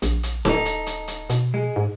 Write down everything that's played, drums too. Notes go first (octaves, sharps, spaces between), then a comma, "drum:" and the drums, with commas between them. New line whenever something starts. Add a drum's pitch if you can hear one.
A#1, drum: hi-hat
drum: hi-hat
D1 D#4 A4, drum: snare D#4
drum: hi-hat
drum: hi-hat
drum: hi-hat
B2, drum: hi-hat
G#3
G#2